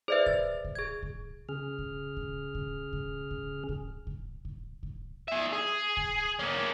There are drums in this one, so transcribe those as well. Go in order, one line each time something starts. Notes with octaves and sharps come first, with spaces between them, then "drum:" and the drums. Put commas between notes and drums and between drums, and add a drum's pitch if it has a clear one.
G#4 B4 C5 D5 E5
A6, drum: kick C2
drum: kick C2
G#4 G#6
drum: kick C2
C#3 G#4 F6
drum: kick C2
drum: kick C2
drum: kick C2
drum: kick C2
drum: kick C2
drum: kick C2
drum: kick C2
drum: kick C2
drum: kick C2
G#4 E5
G#4
drum: kick C2
A#3 C#4